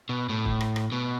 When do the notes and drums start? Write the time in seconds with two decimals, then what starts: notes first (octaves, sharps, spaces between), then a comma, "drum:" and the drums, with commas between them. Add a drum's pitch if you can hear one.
0.09 B2
0.29 A2
0.45 drum: kick
0.61 drum: rim click
0.76 drum: rim click
0.92 B2